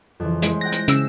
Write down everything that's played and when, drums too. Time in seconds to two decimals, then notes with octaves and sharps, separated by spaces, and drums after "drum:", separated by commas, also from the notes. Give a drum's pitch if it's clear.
0.20 F2 C#3 E3
0.42 G#3 E4 C5, drum: hi-hat
0.61 G5 F#6 G#6 A#6
0.72 drum: hi-hat
0.88 C#3 E6, drum: hi-hat